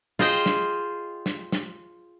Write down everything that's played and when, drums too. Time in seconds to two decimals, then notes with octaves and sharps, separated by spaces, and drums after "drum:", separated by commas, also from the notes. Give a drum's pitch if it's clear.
0.19 F4 G#4 C5 D#5 G5, drum: snare
0.46 drum: snare
1.26 drum: snare
1.52 drum: snare